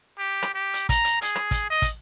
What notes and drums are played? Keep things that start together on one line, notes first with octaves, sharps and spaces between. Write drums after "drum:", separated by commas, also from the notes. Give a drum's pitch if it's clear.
G4
drum: rim click
G4
drum: hi-hat
A#5, drum: kick, hi-hat
drum: hi-hat
G#4, drum: hi-hat
drum: rim click
drum: kick, hi-hat
D#5
drum: kick, hi-hat